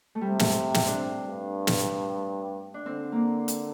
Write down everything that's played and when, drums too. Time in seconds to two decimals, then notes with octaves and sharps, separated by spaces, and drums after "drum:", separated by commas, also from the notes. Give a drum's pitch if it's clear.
0.15 A3
0.21 C3 G3
0.39 A3, drum: snare
0.74 C4, drum: snare
0.87 D4
1.00 C4
1.28 G2
1.67 drum: snare
2.74 D4
2.85 D3 C4
3.12 A#3
3.48 drum: hi-hat